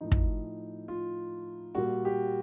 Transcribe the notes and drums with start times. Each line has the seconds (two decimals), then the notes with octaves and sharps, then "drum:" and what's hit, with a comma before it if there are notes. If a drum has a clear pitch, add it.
0.01 A2 F3 D#4
0.12 drum: kick
0.88 F4
1.75 A#2 G3 F#4
2.05 G4